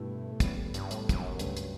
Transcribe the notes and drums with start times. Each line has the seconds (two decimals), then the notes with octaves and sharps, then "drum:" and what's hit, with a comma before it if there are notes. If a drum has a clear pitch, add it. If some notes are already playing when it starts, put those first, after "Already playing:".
Already playing: G2 B2 A3 E4
0.32 A2
0.40 G2 C#3 G3 B3, drum: kick, hi-hat
0.56 A2
0.74 G2, drum: hi-hat
0.91 A2, drum: hi-hat
1.09 G2, drum: kick, hi-hat
1.15 F#2
1.39 C#2 G2 C#3 F#3 A3, drum: hi-hat
1.57 drum: hi-hat